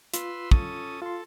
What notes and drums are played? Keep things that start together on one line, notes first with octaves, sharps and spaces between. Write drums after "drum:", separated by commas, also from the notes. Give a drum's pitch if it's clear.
F4 B4 C6 E6, drum: hi-hat
C#4 A4 D#6, drum: kick
F4 A4 C6